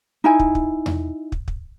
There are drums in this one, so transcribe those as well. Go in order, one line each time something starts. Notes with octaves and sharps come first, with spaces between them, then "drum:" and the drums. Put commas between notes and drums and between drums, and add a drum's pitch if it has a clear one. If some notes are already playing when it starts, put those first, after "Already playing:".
D#4 E4 G#5
drum: kick
drum: kick
drum: tom E2
drum: kick
drum: kick